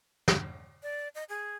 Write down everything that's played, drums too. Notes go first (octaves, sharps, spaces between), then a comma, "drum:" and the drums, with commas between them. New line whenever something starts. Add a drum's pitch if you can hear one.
drum: snare
D5
D#5
G#4